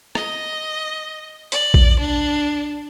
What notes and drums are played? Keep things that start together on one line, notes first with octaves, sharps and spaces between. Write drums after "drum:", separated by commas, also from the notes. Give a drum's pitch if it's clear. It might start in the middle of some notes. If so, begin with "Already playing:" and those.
D#5, drum: rim click
D5, drum: hi-hat
drum: kick A#1
D4